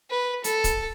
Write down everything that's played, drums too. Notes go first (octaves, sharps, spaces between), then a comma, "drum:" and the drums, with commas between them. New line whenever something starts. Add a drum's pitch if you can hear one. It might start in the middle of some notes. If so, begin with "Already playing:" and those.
B4
A4, drum: hi-hat
drum: kick, hi-hat